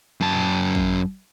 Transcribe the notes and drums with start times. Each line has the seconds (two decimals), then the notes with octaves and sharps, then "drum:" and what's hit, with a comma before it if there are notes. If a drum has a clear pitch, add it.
0.21 F#2 A5
0.33 drum: tom A2
0.75 drum: kick